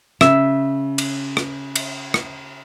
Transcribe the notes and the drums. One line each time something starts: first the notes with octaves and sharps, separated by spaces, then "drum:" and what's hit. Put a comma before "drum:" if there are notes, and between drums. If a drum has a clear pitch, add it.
C#3 E5, drum: rim click
drum: cymbal
drum: rim click
drum: cymbal
drum: rim click